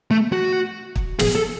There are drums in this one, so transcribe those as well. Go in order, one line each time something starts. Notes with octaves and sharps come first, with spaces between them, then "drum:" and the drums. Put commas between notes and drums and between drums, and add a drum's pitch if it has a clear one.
A3
F#4
drum: kick
G#4, drum: snare
A4